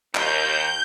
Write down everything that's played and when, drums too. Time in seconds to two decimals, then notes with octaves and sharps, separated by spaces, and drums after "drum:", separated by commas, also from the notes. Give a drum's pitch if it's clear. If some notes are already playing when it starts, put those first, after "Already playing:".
0.15 D#2 G6, drum: clap